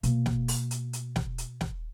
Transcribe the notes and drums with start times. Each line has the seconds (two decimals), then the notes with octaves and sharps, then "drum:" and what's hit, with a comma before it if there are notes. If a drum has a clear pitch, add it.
0.03 B2 A#3, drum: hi-hat
0.26 drum: snare
0.48 drum: open hi-hat
0.71 drum: hi-hat
0.93 drum: hi-hat
1.16 drum: snare
1.38 drum: hi-hat
1.61 drum: snare